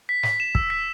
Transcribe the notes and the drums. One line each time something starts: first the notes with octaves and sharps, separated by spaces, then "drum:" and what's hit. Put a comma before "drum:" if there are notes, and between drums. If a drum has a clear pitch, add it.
B6
B6, drum: snare
E7
E6, drum: kick
B6